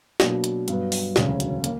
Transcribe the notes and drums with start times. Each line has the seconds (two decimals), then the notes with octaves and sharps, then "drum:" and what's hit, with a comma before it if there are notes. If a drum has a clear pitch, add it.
0.20 B2 F#3 A#3 D4, drum: snare
0.44 drum: hi-hat
0.68 G2 F#3 B3, drum: hi-hat
0.92 drum: open hi-hat
1.16 E1 D2 C#3 F#3 C#4, drum: snare
1.40 drum: hi-hat
1.64 A#3, drum: hi-hat